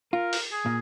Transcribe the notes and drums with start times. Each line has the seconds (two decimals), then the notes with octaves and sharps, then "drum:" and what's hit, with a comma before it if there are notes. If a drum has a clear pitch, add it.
0.13 F4 A#4
0.33 drum: open hi-hat
0.52 G#4
0.66 A#2